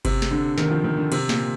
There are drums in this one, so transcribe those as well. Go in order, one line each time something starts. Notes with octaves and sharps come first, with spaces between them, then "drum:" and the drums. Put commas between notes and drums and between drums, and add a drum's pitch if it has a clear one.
C3, drum: kick G1, cymbal
drum: snare
D3
D#3, drum: snare
F3
D#3
D3
C3, drum: cymbal
A#2, drum: snare